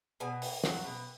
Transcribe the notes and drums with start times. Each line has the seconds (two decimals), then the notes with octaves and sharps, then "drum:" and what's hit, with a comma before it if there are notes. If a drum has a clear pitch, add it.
0.20 B2 G#5
0.42 A#3, drum: open hi-hat
0.64 F#3, drum: snare
0.84 B2